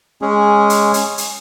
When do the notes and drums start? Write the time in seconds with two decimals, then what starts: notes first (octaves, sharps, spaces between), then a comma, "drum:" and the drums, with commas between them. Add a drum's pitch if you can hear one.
0.22 G#3 C#4 G#4
0.70 drum: hi-hat
0.94 drum: hi-hat
1.18 drum: hi-hat